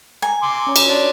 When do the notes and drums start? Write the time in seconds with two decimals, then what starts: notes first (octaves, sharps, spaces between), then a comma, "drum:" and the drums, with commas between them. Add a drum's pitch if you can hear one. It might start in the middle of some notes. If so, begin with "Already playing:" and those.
0.22 G#5 A#5
0.43 C6 D6
0.67 C#4 C#5
0.76 drum: cymbal
0.89 D4 C#5 C6